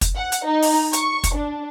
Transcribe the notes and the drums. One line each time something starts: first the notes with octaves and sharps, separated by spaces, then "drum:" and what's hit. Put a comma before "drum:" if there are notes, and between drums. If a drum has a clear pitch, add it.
drum: kick, hi-hat
F#5
drum: hi-hat
D#4
drum: open hi-hat
C#6, drum: hi-hat
drum: kick, hi-hat
D4